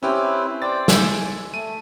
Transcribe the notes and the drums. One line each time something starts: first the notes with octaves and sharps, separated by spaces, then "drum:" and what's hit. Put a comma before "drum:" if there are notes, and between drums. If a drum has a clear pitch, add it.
C4 C#4 E4 G4 B4
C5 D5 G5 A6
G#5 E6, drum: snare
A3 D#7